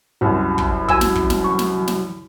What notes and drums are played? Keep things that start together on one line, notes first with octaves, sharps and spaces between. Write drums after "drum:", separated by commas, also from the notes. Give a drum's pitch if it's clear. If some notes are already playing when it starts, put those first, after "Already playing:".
C2 F#2 F#4
drum: kick
F#3 G#5 E6, drum: kick
drum: snare
drum: kick
drum: snare
C#6
drum: snare
drum: snare